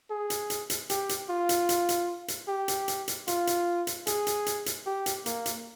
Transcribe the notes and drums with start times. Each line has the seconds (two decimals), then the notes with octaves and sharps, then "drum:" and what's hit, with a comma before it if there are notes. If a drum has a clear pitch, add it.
0.10 G#4
0.30 drum: hi-hat
0.50 drum: hi-hat
0.70 drum: hi-hat
0.90 G4, drum: hi-hat
1.09 drum: hi-hat
1.29 F4
1.49 drum: hi-hat
1.69 drum: hi-hat
1.89 drum: hi-hat
2.28 drum: hi-hat
2.48 G4
2.68 drum: hi-hat
2.88 drum: hi-hat
3.08 drum: hi-hat
3.28 F4, drum: hi-hat
3.47 drum: hi-hat
3.87 drum: hi-hat
4.07 G#4, drum: hi-hat
4.27 drum: hi-hat
4.46 drum: hi-hat
4.66 drum: hi-hat
4.86 G4
5.06 drum: hi-hat
5.26 A#3, drum: hi-hat
5.46 drum: hi-hat